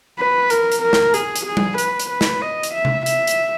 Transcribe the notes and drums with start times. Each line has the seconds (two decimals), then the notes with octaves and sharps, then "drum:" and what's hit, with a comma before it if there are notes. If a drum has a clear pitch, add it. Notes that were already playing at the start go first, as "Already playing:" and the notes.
0.19 B4
0.50 A#4, drum: hi-hat
0.72 drum: hi-hat
0.83 A#4
0.93 drum: snare
1.14 G#4, drum: hi-hat
1.36 drum: hi-hat
1.46 G#4
1.57 drum: tom G3
1.78 B4, drum: hi-hat
2.00 drum: hi-hat
2.11 B4
2.21 drum: snare
2.42 D#5
2.63 drum: hi-hat
2.74 E5
2.85 drum: tom C3
3.06 E5, drum: hi-hat
3.27 drum: hi-hat